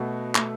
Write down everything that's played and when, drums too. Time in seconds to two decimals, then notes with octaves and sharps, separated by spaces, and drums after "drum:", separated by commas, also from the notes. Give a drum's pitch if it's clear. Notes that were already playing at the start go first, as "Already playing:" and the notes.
Already playing: B2 A3 F#4
0.35 B2 A3 A4, drum: clap